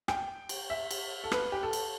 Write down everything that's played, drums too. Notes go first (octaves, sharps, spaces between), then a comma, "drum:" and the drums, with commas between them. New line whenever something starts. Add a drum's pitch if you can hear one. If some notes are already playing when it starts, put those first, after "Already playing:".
G5, drum: rim click
drum: cymbal
E5
drum: cymbal
A4
B4, drum: rim click
G4
A4
drum: cymbal